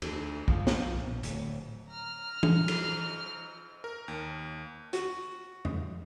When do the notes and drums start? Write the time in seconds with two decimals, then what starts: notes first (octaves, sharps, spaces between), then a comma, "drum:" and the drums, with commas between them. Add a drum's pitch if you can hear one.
0.02 D2, drum: cymbal
0.48 F3, drum: kick B1
0.67 drum: snare
0.94 A#1
1.23 D1, drum: hi-hat
1.87 A#5 F6
2.43 drum: tom E3
2.68 drum: cymbal
3.84 A#4
4.08 D#2
4.93 F#4, drum: hi-hat
5.65 drum: tom F2